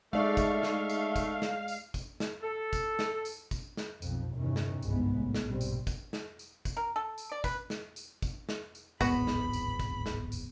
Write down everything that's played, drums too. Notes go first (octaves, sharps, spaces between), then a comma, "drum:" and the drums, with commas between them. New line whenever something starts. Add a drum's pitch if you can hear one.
G#3 A3 D#4 D5 F5 C#6
drum: kick, tambourine
drum: snare
drum: tambourine
drum: kick, tambourine
drum: snare
drum: tambourine
drum: kick, tambourine
drum: snare
A4
drum: kick, tambourine
drum: snare
drum: tambourine
drum: kick, tambourine
drum: snare
B1 F2, drum: tambourine
G1 E2 C3 D#3 E3 C#4
drum: snare
G1 C2 G#2 G#3 B3, drum: tambourine
A1
drum: snare
A#1 G2 B2 G3 C4
drum: tambourine
drum: kick, tambourine
drum: snare
drum: tambourine
drum: kick, tambourine
A#4
A4
drum: tambourine
D5
B4, drum: kick, tambourine
drum: snare
drum: tambourine
drum: kick, tambourine
drum: snare
drum: tambourine
D1 G#1 E2 B3 F#4 B5, drum: kick, tambourine
drum: snare
drum: tambourine
drum: kick, tambourine
drum: snare
drum: tambourine